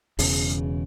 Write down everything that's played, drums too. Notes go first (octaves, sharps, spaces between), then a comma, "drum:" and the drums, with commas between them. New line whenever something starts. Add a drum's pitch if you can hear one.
E1 E2 C#3, drum: open hi-hat